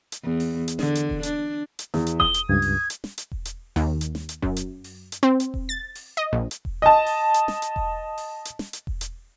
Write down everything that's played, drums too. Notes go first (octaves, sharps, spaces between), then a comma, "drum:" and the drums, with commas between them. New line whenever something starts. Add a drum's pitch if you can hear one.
drum: hi-hat
E2
drum: open hi-hat
drum: hi-hat
D3, drum: snare
drum: hi-hat
drum: kick E1
D4, drum: hi-hat
drum: hi-hat
E2, drum: snare
drum: hi-hat
D#6 G7, drum: kick E1
drum: hi-hat
C#2 G2 G#6
drum: open hi-hat
drum: hi-hat
drum: snare
drum: hi-hat
drum: kick E1
drum: hi-hat
D#2, drum: open hi-hat
drum: hi-hat
drum: snare
drum: hi-hat
F#2, drum: kick E1
drum: hi-hat
drum: open hi-hat
drum: hi-hat
C4
drum: hi-hat
drum: kick E1
A6
drum: open hi-hat
D#5
A#1
drum: hi-hat
drum: kick E1
D#5 A5
drum: open hi-hat
drum: hi-hat
drum: snare
drum: hi-hat
drum: kick E1
drum: open hi-hat
drum: hi-hat
drum: snare
drum: hi-hat
drum: kick E1
drum: hi-hat